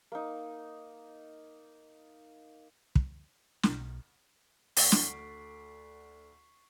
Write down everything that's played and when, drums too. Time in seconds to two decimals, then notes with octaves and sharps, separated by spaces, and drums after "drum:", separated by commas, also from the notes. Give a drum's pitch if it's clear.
0.12 A#3 D#4
2.95 drum: kick
3.63 B1, drum: snare
4.77 D2 A4 D5 F#5 C#6 B6 C7, drum: open hi-hat
4.92 drum: snare